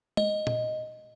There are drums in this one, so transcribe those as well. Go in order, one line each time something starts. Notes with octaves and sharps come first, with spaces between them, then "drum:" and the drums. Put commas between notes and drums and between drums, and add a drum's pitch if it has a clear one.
D#5, drum: tom G#3
drum: tom A#2